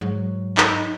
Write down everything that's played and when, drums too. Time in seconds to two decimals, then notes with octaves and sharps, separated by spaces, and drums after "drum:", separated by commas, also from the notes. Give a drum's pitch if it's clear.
0.01 G#2 F#3
0.57 D#4, drum: clap